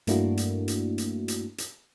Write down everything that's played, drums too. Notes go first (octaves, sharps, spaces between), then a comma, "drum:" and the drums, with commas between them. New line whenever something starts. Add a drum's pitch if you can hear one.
G2 A3 A#3 D4 E4 F#4, drum: hi-hat
drum: hi-hat
drum: hi-hat
drum: hi-hat
drum: hi-hat
drum: hi-hat